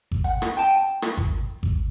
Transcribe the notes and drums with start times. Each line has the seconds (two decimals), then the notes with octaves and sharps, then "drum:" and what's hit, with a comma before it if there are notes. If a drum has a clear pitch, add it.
0.11 drum: kick G#1
0.24 F#5
0.42 drum: rim click
0.57 G5 A5
1.02 drum: rim click
1.17 drum: kick G#1
1.63 drum: kick G#1